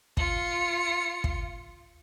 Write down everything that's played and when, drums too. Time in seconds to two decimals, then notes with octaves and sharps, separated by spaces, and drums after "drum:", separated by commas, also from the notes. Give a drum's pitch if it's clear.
0.17 F4 C#7, drum: kick
1.24 drum: kick